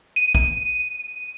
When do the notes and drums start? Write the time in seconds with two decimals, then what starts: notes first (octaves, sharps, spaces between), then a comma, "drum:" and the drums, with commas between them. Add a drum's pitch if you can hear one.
0.16 D#7
0.35 drum: kick